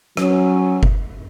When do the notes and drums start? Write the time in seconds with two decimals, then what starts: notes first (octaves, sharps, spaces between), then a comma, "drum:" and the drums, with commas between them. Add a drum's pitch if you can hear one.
0.17 F#3 C#4, drum: rim click
0.83 drum: kick F#1